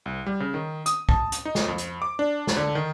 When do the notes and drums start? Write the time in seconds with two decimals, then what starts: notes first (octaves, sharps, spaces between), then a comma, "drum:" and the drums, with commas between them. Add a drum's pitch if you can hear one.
0.06 C2
0.26 G3
0.40 C#3
0.54 D#3
0.86 D#6, drum: hi-hat
1.09 A5, drum: kick
1.32 drum: hi-hat
1.45 D#4
1.55 drum: snare
1.68 F2
1.78 drum: hi-hat
2.02 D6
2.19 D4
2.47 drum: snare
2.57 D3
2.75 D#3